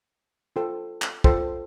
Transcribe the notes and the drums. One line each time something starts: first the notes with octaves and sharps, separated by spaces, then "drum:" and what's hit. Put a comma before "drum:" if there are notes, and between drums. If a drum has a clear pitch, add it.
F4 A4 C5 G5
drum: clap
F4 A4 C5 G5, drum: kick